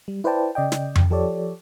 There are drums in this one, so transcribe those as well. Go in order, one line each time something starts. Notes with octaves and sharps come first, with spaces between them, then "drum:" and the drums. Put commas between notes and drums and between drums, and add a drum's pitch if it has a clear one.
G3
E4 B4 C5 D5 G5 A5
C#3 D5 D#5 G5
drum: snare
drum: tom F2
F3 G4 A4 C#5 D5